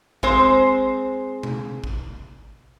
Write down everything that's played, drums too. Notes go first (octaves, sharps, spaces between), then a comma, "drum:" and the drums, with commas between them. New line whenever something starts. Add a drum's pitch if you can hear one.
G#3 C4 C5, drum: kick
drum: tom B2
drum: kick